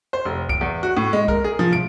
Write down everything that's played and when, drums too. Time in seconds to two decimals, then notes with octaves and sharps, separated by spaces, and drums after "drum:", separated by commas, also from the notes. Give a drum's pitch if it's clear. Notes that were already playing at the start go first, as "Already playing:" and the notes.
0.13 C5
0.25 F1
0.49 D7, drum: kick A#1
0.61 E2
0.83 F#4
0.97 A2
1.13 G#3
1.28 A#4, drum: kick A#1
1.44 G#4
1.59 F3
1.73 D7, drum: tom